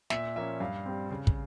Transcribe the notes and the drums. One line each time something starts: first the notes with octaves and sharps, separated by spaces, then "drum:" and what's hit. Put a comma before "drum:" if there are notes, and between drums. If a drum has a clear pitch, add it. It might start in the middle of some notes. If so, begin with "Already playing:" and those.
A#2 E5, drum: snare
F3 A#3 C#4 E5
G2 F5
G3 C4
C#3
drum: kick